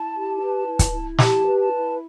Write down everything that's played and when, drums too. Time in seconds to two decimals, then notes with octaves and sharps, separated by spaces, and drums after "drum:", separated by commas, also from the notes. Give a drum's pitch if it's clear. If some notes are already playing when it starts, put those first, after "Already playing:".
Already playing: E4 A5
0.14 G4
0.41 B4
0.66 E4
0.79 drum: kick, hi-hat
0.92 E4
1.19 G4 A5, drum: snare
1.45 B4
1.57 A5
1.71 E4